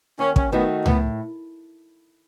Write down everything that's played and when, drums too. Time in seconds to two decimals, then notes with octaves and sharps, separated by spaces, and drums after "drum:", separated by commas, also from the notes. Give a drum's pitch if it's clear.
0.19 D#2 C#4
0.36 C#4, drum: kick
0.52 D#3 A3 B3 D#4 F#4
0.86 A2 B3, drum: tom C#2